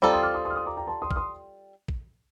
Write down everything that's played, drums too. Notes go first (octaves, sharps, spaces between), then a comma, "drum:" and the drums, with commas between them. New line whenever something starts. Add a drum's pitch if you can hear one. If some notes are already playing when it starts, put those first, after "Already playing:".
G3 C4 F4 A4 A#5 D6
C6 D#6
D6 F6
C6 D#6
C6 D#6
F6
C6 D#6
A#5 D6
G5 A#5
A5 C6
C6 D#6
F6, drum: kick A#1
C6 D#6
drum: kick A#1